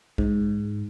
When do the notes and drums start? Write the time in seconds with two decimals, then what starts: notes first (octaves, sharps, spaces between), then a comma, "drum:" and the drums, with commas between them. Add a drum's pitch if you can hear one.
0.18 G#2, drum: kick